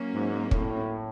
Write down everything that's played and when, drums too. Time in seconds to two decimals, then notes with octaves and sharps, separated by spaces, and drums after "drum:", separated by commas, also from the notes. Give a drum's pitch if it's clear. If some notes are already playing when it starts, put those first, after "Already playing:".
Already playing: F#3 A#3 C#4
0.13 G#2
0.51 A2, drum: kick